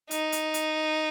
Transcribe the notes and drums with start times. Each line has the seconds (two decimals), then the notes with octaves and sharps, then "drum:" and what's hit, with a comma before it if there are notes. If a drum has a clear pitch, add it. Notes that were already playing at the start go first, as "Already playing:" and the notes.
0.11 D#4, drum: hi-hat
0.32 drum: hi-hat
0.54 drum: hi-hat